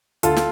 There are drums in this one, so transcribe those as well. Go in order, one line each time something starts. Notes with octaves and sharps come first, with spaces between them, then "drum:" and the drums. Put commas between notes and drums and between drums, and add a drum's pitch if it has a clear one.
D2 F4 A4, drum: hi-hat
drum: snare